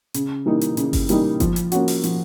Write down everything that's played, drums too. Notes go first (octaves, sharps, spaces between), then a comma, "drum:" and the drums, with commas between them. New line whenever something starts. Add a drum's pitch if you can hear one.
C#3, drum: hi-hat
E3 G3 A#3 D#4
drum: hi-hat
C#3, drum: hi-hat
drum: kick G1, open hi-hat
E3 G3 A#3 D#4, drum: hi-hat
F3, drum: kick G1, hi-hat
drum: hi-hat
A#3 C#4 F#4, drum: hi-hat
drum: open hi-hat
F3, drum: hi-hat